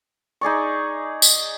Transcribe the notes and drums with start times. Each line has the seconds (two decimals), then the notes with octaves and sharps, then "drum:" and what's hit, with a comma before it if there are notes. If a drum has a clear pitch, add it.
0.41 D#4 G#4 D5 C#6
1.22 drum: tambourine